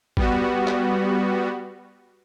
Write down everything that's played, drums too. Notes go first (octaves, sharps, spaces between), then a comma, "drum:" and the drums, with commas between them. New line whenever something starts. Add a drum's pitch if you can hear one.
G3 B3 F#4, drum: kick
drum: clap